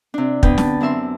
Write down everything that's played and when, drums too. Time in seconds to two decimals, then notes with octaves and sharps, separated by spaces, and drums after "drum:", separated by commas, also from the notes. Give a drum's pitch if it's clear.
0.14 C3 D4
0.43 D3 B3 B4 G5, drum: kick
0.58 A5, drum: snare
0.80 F#2 C4 E5 C6